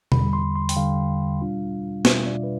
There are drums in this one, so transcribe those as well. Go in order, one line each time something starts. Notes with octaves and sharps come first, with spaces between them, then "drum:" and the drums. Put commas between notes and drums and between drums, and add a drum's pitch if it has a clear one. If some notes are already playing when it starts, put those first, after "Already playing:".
E2 D3 G3 B5, drum: tom B2
C6
C6
G5, drum: open hi-hat
E2 D3 G3 F5
B2 G3 D4 F4
B2 G3 D4 F4 E5, drum: snare
D5
B4